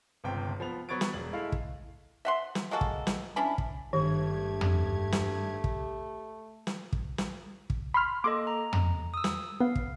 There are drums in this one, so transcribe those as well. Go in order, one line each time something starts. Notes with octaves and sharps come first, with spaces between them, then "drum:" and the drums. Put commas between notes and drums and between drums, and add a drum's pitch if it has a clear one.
G1 C#2 C3 G5
F3 B3 F7
F#3 B3 C#6 G#6 A6 D7
drum: snare
E1 F#7
G#3 A3 E4 D#5 F5
drum: kick
E5 F#5 C6
drum: snare
G#3 A#3 F#4 A4
drum: kick
drum: snare
C#4 D4 E4 B5
drum: kick
G#1 G2 D#3 A3 G4 G#6
drum: tom
drum: snare
drum: kick
drum: snare
drum: kick
drum: snare
drum: kick
B5 C6 F6
A#3 A4 D#5 C6 D6
A#5
drum: tom
D#6 E6
drum: snare
B3 F5
drum: kick